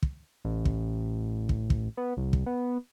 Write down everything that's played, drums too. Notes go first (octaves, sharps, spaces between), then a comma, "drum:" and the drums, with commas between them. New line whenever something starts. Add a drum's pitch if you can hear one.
drum: kick
A1
drum: kick
drum: kick
drum: kick
B3
C2
drum: kick
B3